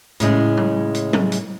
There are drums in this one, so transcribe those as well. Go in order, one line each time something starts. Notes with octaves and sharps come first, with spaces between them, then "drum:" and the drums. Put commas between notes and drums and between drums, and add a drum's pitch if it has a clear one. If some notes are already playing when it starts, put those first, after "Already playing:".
A2 C#3 G#3, drum: hi-hat
drum: tom
drum: hi-hat
drum: tom F#3
drum: hi-hat